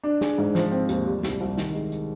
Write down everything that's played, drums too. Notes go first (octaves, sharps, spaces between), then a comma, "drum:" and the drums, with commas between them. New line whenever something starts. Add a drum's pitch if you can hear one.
D4
G#4, drum: snare
G#2
F3, drum: snare
C4
D#2, drum: hi-hat
G3
C2, drum: snare
C2
D#3, drum: snare
G#3
drum: hi-hat